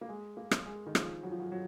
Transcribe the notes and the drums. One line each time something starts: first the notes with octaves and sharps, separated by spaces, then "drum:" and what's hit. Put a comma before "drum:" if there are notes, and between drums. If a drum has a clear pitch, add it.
A#3
G#3
A#3
drum: rim click
G#3
D#3
F3, drum: rim click
F#3
F3
F#3
F#3